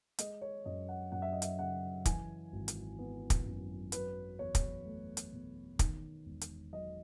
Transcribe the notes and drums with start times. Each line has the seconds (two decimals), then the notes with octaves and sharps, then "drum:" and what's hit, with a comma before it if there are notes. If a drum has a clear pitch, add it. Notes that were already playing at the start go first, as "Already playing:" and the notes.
0.19 G#3 D#5, drum: hi-hat
0.42 C#5
0.65 F#2 D#5
0.89 F#5
1.12 F#2 F#5
1.22 E5
1.32 D#5
1.42 E5, drum: hi-hat
1.59 C#3 F#5
2.05 E3 G#5, drum: kick, hi-hat
2.53 G#1
2.68 drum: hi-hat
2.99 B3
3.30 drum: kick, hi-hat
3.46 F#2
3.92 F#3 B4, drum: hi-hat
4.39 E2 C#5
4.55 drum: kick, hi-hat
4.85 A3
5.17 drum: hi-hat
5.32 B2
5.79 D#3, drum: kick, hi-hat
6.26 E1
6.41 drum: hi-hat
6.73 F#3 D#5